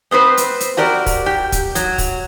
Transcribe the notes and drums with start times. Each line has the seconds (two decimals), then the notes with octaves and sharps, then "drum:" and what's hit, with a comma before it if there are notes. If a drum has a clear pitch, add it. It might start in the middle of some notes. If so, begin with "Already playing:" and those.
0.11 B3 C4 B4 C5
0.37 drum: hi-hat
0.60 drum: hi-hat
0.77 F#4 G4 A#4 D5
1.06 drum: kick, open hi-hat
1.26 G4
1.52 drum: kick, hi-hat
1.75 F#3, drum: hi-hat
1.98 drum: kick, open hi-hat